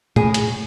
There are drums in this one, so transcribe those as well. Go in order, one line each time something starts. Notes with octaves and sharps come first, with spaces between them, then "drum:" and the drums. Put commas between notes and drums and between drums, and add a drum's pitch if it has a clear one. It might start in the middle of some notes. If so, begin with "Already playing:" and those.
A2 G#4, drum: tom
drum: hi-hat